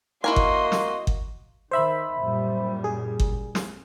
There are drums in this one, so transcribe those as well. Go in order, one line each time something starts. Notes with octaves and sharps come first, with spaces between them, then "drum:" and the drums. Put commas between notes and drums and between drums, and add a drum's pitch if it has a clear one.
A#3 E4 F#4 A#4 D#5 G#5 C6
drum: kick G1
drum: snare
drum: kick G1
D#3 C5 E5 B5
F#2 A#2 G3
G#4
drum: kick G1
drum: snare